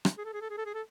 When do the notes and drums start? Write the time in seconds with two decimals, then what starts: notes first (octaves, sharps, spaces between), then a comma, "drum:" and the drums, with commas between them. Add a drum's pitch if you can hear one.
0.05 drum: rim click
0.18 G#4
0.25 A4
0.33 G#4
0.41 A4
0.50 G#4
0.58 A4
0.66 G#4
0.74 A4